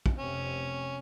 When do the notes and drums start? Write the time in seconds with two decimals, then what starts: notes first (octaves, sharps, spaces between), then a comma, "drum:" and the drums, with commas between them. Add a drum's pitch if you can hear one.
0.06 drum: kick
0.18 F1 C3 C#4